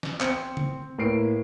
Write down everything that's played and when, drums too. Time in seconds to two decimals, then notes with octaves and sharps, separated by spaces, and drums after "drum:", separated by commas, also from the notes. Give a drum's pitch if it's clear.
0.03 drum: snare
0.20 C4 C5 C#7, drum: clap
0.57 drum: tom C#3
0.98 A2 A#3 B4 C7 D7